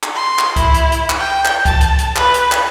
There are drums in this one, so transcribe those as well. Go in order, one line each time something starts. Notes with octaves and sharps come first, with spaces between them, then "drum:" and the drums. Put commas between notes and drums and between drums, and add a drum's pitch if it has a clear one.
drum: clap
C6
drum: clap
E4, drum: kick C2, hi-hat
drum: hi-hat
drum: hi-hat
drum: clap
G5
drum: clap
A5, drum: kick C2, hi-hat
drum: hi-hat
drum: hi-hat
B4, drum: clap
drum: hi-hat
drum: clap